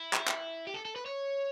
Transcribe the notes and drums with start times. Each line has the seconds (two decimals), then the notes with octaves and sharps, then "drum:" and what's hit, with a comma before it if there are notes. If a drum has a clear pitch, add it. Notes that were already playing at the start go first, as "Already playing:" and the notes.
Already playing: E4
0.13 drum: clap
0.28 drum: clap
0.67 G4
0.74 A4
0.85 A4
0.96 B4
1.06 C#5